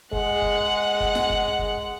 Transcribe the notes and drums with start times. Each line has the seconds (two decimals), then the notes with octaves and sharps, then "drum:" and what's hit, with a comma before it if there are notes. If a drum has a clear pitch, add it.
0.13 G#3 F#5, drum: kick
0.42 drum: kick
1.00 drum: kick
1.15 drum: snare
1.30 drum: kick
1.59 drum: kick